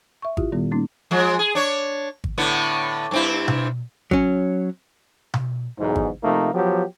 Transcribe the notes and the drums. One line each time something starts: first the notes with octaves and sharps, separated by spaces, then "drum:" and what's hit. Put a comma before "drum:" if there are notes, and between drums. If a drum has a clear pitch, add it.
E5 C#6
E4 F4 G4, drum: kick G#1
A#2 D#3 G3 B3
G3 A#3 C#4 D#4
F3 G#3
G#4
D4 C#5
drum: kick G#1
A2 D3 B3
G2 C4 E4
drum: tom B2
F#3 C#4, drum: kick G#1
drum: tom B2
B1 E2 G#2
drum: kick G#1
C3 F3 A3 A#3 D#4
F3 F#3 B3 G4